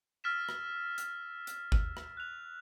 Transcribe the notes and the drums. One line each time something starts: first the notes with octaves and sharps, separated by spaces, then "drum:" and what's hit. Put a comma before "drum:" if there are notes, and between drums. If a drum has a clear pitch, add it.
E6 F6 A6 B6 E7
drum: rim click
drum: hi-hat
drum: hi-hat
drum: kick G1
drum: rim click
F#6 F7